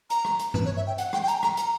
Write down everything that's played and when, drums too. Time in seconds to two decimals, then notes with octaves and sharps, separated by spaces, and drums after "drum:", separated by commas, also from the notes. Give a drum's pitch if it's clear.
0.10 A#5, drum: hi-hat
0.25 drum: rim click
0.39 drum: hi-hat
0.54 B4, drum: tom
0.65 C#5
0.77 E5
0.87 G5
0.98 F#5, drum: hi-hat
1.13 G5, drum: rim click
1.23 G5
1.28 A#5, drum: hi-hat
1.43 A#5, drum: rim click
1.57 A#5, drum: hi-hat